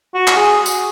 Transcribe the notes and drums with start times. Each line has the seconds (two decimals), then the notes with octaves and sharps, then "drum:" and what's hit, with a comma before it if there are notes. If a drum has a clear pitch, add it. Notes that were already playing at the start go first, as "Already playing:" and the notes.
0.14 F#4
0.27 drum: clap
0.37 G#4
0.66 drum: tambourine